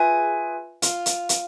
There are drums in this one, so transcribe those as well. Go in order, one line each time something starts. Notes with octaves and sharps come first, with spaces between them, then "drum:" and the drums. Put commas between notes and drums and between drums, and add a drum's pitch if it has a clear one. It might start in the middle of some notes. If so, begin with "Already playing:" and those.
Already playing: F4 G#4 B4 E5 G#5
F4, drum: hi-hat
drum: hi-hat
drum: hi-hat